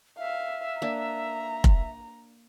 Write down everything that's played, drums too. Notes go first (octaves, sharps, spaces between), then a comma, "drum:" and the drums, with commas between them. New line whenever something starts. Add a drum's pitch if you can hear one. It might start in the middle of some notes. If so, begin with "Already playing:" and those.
E5 F5
A#3 D4 A#5
drum: kick F1